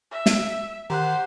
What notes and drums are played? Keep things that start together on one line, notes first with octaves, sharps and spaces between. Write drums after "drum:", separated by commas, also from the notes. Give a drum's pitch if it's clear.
E5
drum: snare
D#3 G4 C5 F#5 A#5 F#6